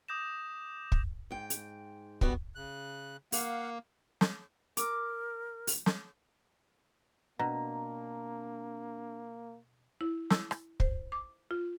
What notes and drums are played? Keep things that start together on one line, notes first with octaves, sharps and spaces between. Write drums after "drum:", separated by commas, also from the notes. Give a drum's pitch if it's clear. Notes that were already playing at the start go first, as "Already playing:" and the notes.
D6 D#6 G6 A#6 E7
drum: kick
G#2 G5
drum: hi-hat
G3 B3 F#4, drum: kick
C#3 F#6
A#3 F5 F#5, drum: open hi-hat
drum: snare
A#4 D6, drum: hi-hat
drum: open hi-hat
drum: snare
B2 A#3 C4 D4 A#5
E4
E6, drum: snare
drum: rim click
C5, drum: kick
D6
F4